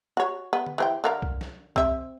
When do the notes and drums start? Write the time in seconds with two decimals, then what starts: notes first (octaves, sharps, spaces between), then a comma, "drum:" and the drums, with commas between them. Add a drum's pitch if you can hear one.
0.17 F#4 C#5
0.53 B3
0.66 drum: tom D3
0.78 E3 C5 G5
1.04 D3 A#4 F5
1.22 drum: kick C2
1.41 drum: snare
1.76 C4 E5, drum: kick C2